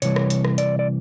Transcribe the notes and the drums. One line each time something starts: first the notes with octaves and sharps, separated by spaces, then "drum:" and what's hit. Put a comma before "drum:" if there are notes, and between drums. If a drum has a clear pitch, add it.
C3 E3 G3 C#5, drum: hi-hat
drum: rim click
drum: hi-hat
drum: rim click
D5, drum: hi-hat
D5